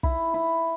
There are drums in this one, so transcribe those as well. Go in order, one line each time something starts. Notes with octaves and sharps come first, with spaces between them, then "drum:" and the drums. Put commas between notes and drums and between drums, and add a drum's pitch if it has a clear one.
E4, drum: kick
E4